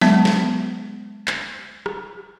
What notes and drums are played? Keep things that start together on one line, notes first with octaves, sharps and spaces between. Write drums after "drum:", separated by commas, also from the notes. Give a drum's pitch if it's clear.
F#3 G#3 B3, drum: snare
drum: snare
drum: clap
drum: rim click